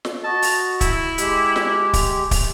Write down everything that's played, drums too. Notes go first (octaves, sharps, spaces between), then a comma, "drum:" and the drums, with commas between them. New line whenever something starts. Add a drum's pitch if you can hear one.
drum: snare
F#4 D#5 A5
drum: open hi-hat
E4, drum: kick, hi-hat
G#3 G4, drum: hi-hat
drum: snare
drum: kick, open hi-hat
drum: kick, open hi-hat